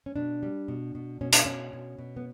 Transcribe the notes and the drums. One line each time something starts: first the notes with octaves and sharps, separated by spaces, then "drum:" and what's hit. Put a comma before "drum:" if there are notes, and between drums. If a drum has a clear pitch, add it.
C#4
B2 D4
G3
B2
B2
B2 C#4
D4, drum: hi-hat
B2 C#4
B2
B2
B3